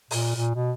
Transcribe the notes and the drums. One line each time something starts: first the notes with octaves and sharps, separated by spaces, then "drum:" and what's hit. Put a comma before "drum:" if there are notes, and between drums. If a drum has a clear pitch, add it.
A#2, drum: open hi-hat
A#2
B2